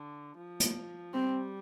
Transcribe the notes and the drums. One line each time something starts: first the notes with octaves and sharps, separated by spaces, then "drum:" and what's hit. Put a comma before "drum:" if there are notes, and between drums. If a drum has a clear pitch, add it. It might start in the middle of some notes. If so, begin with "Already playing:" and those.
Already playing: D3
F3
drum: hi-hat
G3 C4